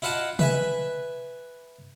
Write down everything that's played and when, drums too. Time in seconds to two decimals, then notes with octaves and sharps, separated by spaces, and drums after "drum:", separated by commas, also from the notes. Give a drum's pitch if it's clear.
0.02 E4 F4 D#5 F#5 A5
0.39 B4 E5 G#5, drum: tom